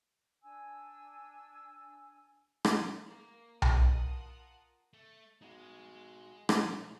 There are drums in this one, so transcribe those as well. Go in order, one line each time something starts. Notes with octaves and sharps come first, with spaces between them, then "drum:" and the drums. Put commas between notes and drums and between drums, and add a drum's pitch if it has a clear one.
D4 G#5 E6
drum: rim click
A#3
F4 A#4 F#5 A5 D#6 F#6, drum: tom B1
A3
G#3 D#4 F#4
A#2 F3 A3 C5 F5 E7, drum: rim click